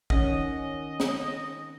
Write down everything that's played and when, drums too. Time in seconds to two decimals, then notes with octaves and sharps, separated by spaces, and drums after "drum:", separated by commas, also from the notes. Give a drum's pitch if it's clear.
0.10 D#3 C#4 D#5 F#5, drum: kick
1.00 drum: snare